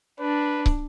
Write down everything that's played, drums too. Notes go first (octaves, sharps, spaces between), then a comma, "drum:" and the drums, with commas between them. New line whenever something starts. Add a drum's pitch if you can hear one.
D4 B4
drum: kick